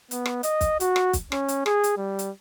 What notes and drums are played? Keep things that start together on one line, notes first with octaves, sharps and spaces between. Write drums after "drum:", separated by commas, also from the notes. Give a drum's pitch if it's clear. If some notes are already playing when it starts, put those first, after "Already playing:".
B3, drum: hi-hat
drum: rim click
D#5, drum: hi-hat
drum: kick, hi-hat
F#4, drum: hi-hat
drum: rim click
drum: kick, hi-hat
C#4, drum: rim click
drum: hi-hat
G#4, drum: rim click
drum: hi-hat
G3
drum: hi-hat